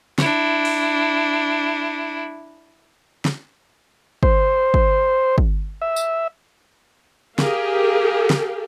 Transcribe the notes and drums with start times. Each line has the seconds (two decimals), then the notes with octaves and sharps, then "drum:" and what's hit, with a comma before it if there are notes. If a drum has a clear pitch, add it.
0.18 D4 E4, drum: snare
0.65 drum: open hi-hat
3.25 drum: snare
4.23 C5, drum: kick
4.74 drum: kick
5.38 drum: kick
5.82 E5
5.96 drum: tambourine
7.39 G4 G#4 A#4 F5, drum: snare
8.30 drum: snare